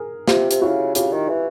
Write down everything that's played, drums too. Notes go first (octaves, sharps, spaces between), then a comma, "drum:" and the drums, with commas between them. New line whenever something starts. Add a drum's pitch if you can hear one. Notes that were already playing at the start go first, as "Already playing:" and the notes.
Already playing: G#4 A#4
C3 F4 G4, drum: snare
C3, drum: hi-hat
C#3 E4 F#4
C#3 F4 G4, drum: hi-hat
D#3
E3